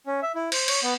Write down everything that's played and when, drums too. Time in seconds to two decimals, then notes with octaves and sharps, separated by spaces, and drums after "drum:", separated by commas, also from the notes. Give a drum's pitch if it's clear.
0.06 C#4
0.22 E5
0.35 E4
0.52 C5, drum: cymbal
0.68 C#5, drum: cymbal
0.83 B3